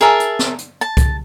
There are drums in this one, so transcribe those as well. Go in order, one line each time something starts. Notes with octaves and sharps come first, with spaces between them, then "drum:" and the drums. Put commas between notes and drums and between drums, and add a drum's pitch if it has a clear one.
G#4 A#4 E5 A5
drum: hi-hat
drum: snare
drum: hi-hat
A5
drum: kick C2, hi-hat